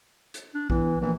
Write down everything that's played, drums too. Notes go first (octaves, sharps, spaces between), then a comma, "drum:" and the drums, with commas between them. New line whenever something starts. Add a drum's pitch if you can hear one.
drum: hi-hat
D4
E2 E3, drum: kick A#1
A#1 E3